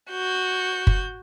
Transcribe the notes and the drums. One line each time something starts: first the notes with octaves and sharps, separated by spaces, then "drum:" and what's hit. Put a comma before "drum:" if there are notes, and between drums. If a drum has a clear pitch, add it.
F#4 G6
drum: kick